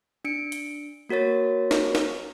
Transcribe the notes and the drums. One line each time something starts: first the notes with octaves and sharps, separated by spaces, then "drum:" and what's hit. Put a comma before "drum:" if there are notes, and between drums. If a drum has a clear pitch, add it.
D4 C#7 D7
drum: hi-hat
A#3 F#4 A#4 C#5 A6
drum: snare
drum: snare